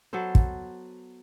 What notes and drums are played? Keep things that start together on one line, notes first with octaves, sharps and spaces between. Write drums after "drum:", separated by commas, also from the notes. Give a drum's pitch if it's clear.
F#3 B3 A4 C5
drum: kick